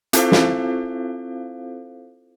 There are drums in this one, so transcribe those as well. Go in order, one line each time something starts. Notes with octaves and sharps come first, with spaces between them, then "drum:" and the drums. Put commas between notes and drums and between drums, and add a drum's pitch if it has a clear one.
C4 E4 F4 A4 C5 F5, drum: hi-hat
drum: snare